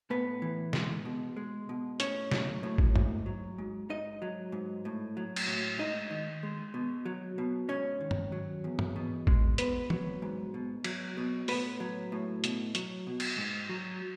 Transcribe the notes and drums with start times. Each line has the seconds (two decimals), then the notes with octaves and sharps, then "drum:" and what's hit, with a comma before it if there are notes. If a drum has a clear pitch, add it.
0.10 A2 B3 B4
0.42 E3
0.73 G#3, drum: snare
1.05 B2
1.36 G#3
1.69 B2
2.00 A2 C#4 C#5, drum: hi-hat
2.32 F#3, drum: snare
2.63 A2
2.78 drum: kick A1
2.96 G#2, drum: tom
3.26 F#3
3.58 G#2
3.90 G#2 D#4 D#5
4.22 F#3
4.52 G#2
4.85 A2
5.17 F#3
5.36 drum: cymbal
5.47 A2
5.78 G#2 D#4 D#5
6.10 D#3
6.43 G#3
6.74 B2
7.05 F#3
7.38 B2
7.69 G#2 C#4 C#5
8.01 D#3
8.11 drum: tom
8.32 F#3
8.64 E2
8.79 drum: tom
8.96 B2
9.27 G#3, drum: kick A1
9.58 G#2 B3 B4, drum: hi-hat
9.90 F#3, drum: tom E3
10.22 G#2
10.54 B2
10.84 F#3, drum: cymbal
11.17 B2
11.48 A2 B3 B4, drum: open hi-hat
11.80 F#3
12.12 A2
12.44 B2, drum: hi-hat
12.75 F#3, drum: hi-hat
13.07 B2
13.20 drum: cymbal
13.38 G#2
13.69 F#3